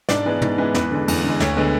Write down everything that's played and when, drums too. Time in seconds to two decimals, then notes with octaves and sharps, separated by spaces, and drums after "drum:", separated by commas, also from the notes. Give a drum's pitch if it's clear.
0.09 G#2 D4 D5, drum: snare
0.25 E3 G#3 B3
0.42 G#2, drum: tom
0.58 E3 G#3 B3
0.75 E2 B4, drum: snare
0.91 D3 G#3
1.08 E2, drum: cymbal
1.24 D3 G#3
1.40 D2 C#5, drum: snare
1.56 D3 G#3 B3